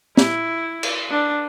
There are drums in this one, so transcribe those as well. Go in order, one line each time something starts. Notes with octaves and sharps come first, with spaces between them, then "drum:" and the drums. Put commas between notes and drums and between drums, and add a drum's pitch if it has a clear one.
E4, drum: snare
drum: cymbal
D4